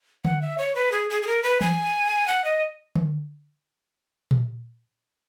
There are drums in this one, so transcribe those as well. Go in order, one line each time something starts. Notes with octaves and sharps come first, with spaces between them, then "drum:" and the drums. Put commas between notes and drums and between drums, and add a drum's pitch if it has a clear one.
F#5, drum: tom D3
E5
C#5
B4
G#4
G#4
G#4
A#4
B4
G#5, drum: tom E3
F#5
D#5
drum: tom D3
drum: tom A#2